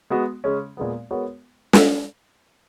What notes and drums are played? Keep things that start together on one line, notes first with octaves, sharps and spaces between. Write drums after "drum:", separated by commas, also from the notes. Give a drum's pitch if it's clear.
G#3 B3 F#4
C#3 G#3 C#4
A#2 G#3 B3
G#3 B3 F#4 A#4 C#5
drum: snare